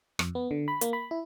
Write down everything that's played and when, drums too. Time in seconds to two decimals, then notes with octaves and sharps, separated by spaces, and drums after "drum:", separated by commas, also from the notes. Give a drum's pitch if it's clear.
0.19 F2, drum: rim click
0.35 B3
0.51 D3
0.68 B5
0.81 A#3, drum: hi-hat
0.93 B5
1.11 E4